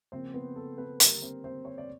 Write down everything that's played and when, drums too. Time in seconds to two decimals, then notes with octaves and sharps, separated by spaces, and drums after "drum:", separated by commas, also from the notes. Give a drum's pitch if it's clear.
0.12 C#3 F3 A#3 C4 C#4 C5
0.34 B3 B4
0.56 A4
0.78 B3 B4
1.00 D3 G3 A#3 A#4, drum: hi-hat
1.22 C4 C5
1.44 C4 C5
1.65 C#5
1.78 D5